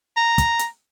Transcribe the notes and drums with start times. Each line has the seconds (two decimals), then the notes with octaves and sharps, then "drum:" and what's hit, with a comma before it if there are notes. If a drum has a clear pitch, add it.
0.17 A#5
0.38 drum: kick, hi-hat
0.59 drum: hi-hat